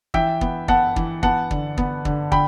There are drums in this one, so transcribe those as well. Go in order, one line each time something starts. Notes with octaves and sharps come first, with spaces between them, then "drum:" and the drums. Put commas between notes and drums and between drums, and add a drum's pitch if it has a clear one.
E3 E5 G5, drum: kick
B3, drum: kick
B3 F#5 A5, drum: kick
E3, drum: kick
B3 F#5 A5, drum: kick
D3, drum: kick
B3, drum: kick
D3, drum: kick
D3 G5 B5, drum: kick